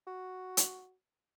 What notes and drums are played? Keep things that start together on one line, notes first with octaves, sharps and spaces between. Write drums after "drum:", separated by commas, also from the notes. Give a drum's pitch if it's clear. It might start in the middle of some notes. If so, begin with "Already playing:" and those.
F#4
drum: hi-hat